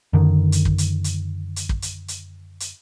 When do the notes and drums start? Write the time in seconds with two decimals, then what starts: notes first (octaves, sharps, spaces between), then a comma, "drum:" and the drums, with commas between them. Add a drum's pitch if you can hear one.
0.13 F#2 D3 D#3
0.52 drum: hi-hat
0.65 drum: kick
0.78 drum: hi-hat
1.04 drum: hi-hat
1.56 drum: hi-hat
1.69 drum: kick
1.82 drum: hi-hat
2.08 drum: hi-hat
2.60 drum: hi-hat